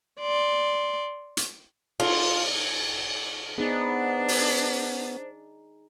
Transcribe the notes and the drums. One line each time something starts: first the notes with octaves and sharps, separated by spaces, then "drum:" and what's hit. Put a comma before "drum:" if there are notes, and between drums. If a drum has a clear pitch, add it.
D5 C6
drum: hi-hat
F4, drum: cymbal
B3 D4 D#4 G#4 C5
drum: open hi-hat